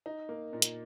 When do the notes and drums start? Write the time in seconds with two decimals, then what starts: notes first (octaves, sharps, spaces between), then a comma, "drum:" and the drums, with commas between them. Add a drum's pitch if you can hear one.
0.06 D#4
0.29 A#3
0.53 A#2
0.62 drum: hi-hat